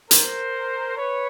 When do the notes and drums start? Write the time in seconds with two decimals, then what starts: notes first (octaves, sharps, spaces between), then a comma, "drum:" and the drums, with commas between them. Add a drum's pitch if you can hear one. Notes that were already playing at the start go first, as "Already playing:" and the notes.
0.11 A#4 C5, drum: hi-hat
0.97 B4 C#5